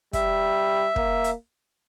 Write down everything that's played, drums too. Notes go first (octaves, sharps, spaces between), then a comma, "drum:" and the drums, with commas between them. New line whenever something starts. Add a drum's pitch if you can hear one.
G3 E5, drum: kick, hi-hat
A#3, drum: kick
drum: hi-hat